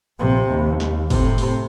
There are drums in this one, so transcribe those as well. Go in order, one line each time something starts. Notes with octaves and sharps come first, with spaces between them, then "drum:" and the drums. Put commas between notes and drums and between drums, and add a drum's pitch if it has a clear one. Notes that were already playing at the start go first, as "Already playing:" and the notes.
A#1 C3
D#2
D#2, drum: snare
A2 C3, drum: kick, open hi-hat
drum: open hi-hat